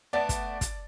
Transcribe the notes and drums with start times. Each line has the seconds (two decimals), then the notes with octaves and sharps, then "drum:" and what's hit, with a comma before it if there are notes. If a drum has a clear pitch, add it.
0.13 A3 B3 D4 D5 A5 A6
0.29 drum: kick, hi-hat
0.61 drum: kick, hi-hat